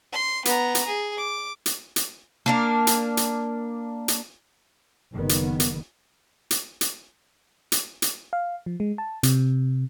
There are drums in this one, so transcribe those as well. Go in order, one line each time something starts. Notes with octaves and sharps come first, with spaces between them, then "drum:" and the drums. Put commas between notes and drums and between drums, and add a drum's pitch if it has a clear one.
C6
B3 A#5, drum: hi-hat
drum: hi-hat
G#4
D6
drum: hi-hat
drum: hi-hat
A#3 D4 A#4
drum: hi-hat
drum: hi-hat
drum: hi-hat
F#1 D#3 B3
drum: hi-hat
drum: hi-hat
drum: hi-hat
drum: hi-hat
drum: hi-hat
drum: hi-hat
F5
F3
G#3
A5
C3, drum: hi-hat